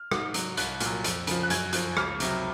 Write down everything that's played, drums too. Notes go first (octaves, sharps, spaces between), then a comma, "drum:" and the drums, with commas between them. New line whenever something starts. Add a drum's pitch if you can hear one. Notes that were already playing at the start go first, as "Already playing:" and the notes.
Already playing: F6
G#2, drum: rim click
F#3, drum: hi-hat
C2 F#6, drum: hi-hat
A#2 F#3, drum: hi-hat
F2, drum: hi-hat
C#3 F3, drum: hi-hat
F#6
F#2 G#6, drum: hi-hat
F3 F#6, drum: hi-hat
C#2 F6, drum: rim click
C3 F#3, drum: hi-hat